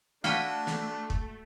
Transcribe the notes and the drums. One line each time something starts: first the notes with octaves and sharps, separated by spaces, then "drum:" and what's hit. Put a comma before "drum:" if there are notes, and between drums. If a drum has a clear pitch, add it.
A3 D4 E4 F#4 F5 G5 B6 D#7, drum: snare
drum: snare
drum: kick